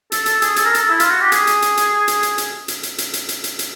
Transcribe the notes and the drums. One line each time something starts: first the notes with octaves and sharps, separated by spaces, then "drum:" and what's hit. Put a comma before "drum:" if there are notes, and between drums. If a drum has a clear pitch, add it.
A4, drum: hi-hat
A4, drum: hi-hat
G#4, drum: hi-hat
A4, drum: hi-hat
A#4
A4, drum: hi-hat
E4
F4, drum: hi-hat
F#4
G4
G#4, drum: hi-hat
drum: hi-hat
drum: hi-hat
drum: hi-hat
drum: hi-hat
drum: hi-hat
drum: hi-hat
drum: hi-hat
drum: hi-hat
drum: hi-hat
drum: hi-hat
drum: hi-hat
drum: hi-hat
drum: hi-hat